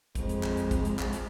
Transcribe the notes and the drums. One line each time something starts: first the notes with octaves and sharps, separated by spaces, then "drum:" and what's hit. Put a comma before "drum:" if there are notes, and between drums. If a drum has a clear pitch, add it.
F2 G#3, drum: kick, hi-hat
drum: hi-hat
drum: clap
drum: hi-hat
drum: kick, hi-hat
drum: hi-hat
drum: clap
drum: hi-hat